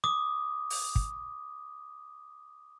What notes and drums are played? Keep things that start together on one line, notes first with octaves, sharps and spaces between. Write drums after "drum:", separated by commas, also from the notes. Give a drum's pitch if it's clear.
D6 D#6
drum: open hi-hat
drum: kick